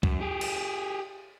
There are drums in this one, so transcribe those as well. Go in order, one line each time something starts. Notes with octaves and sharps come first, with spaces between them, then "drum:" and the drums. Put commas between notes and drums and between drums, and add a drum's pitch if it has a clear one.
F#2, drum: kick
G4 G#4
drum: cymbal